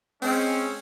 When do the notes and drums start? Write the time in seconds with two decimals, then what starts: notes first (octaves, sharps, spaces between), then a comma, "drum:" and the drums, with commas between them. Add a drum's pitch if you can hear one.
0.22 G#3 C4 C#4, drum: open hi-hat